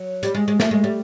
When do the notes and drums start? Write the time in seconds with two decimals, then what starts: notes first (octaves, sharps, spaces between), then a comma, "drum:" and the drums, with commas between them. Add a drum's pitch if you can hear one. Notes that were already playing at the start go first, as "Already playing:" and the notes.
Already playing: F#3
0.23 G3, drum: hi-hat
0.35 G#3
0.48 G#3
0.60 A3, drum: snare
0.71 G#3
0.84 G3